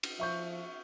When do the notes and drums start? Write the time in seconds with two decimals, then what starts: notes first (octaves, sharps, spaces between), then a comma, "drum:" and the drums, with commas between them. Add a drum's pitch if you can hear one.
0.03 drum: cymbal
0.20 F3 E5 C#6 G6